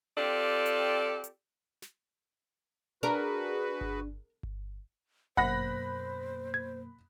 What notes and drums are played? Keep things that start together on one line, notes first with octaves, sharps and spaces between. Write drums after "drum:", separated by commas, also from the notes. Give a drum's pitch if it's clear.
C4 F4 G4 A4 D5
drum: hi-hat
drum: hi-hat
drum: snare
D4 F#4 G#4 A#4 B4
drum: kick G1
drum: kick G1
F#2 B2 A#3 C5 F#5 B5 F#6 A#6, drum: kick G1
G#6